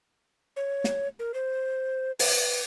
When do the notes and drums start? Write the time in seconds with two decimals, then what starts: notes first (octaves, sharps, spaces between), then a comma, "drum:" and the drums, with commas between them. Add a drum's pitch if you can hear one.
0.56 C#5
0.84 drum: snare
1.19 A#4
1.34 C5
2.19 B4, drum: open hi-hat